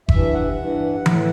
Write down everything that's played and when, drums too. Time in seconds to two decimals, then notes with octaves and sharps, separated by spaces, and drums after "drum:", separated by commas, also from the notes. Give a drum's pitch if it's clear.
0.09 G2 E3 E5, drum: kick F#1
0.34 F#5
0.57 G2 E3
1.06 A2 E3, drum: tom E3